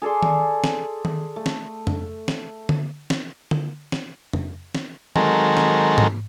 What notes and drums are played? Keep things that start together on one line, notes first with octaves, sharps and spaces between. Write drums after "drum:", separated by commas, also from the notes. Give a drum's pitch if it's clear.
G#4 A4 D5 C6
drum: tom D#3
drum: snare
drum: tom D#3
A3
drum: snare
drum: tom
drum: snare
drum: tom D3
drum: snare
drum: tom D3
drum: snare
drum: tom
drum: snare
D#3 F#3 G#3 C4 A4 A#4, drum: tom D#3
drum: snare
drum: tom G#2